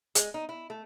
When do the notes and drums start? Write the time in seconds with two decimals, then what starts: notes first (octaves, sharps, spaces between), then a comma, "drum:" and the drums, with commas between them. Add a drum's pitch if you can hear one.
0.15 G#3, drum: hi-hat
0.34 D#4
0.49 E4
0.70 A3